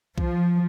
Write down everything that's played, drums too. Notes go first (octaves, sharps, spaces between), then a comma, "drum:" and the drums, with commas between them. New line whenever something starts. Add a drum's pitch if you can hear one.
F3, drum: kick B1